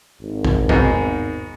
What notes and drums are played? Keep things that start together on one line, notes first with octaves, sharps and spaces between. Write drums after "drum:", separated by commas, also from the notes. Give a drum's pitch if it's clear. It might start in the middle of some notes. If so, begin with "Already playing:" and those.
G#1
drum: kick A1
G#2 B2, drum: kick A1